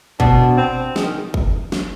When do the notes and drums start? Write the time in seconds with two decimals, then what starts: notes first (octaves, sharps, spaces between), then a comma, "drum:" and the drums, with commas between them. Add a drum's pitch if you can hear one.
0.20 B2 D4, drum: kick
0.57 C4
0.96 G#3, drum: snare
1.06 D#3
1.34 drum: kick
1.72 drum: snare